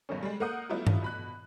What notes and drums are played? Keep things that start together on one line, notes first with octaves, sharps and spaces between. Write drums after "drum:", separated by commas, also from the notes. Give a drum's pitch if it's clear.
G2 B2 D#3 C#4
G3 G#3
A#3 A#4 F#5 D#6 G6
F#3 G3 A3 B3 E4 F4
drum: tom G2
B2 B5 F#6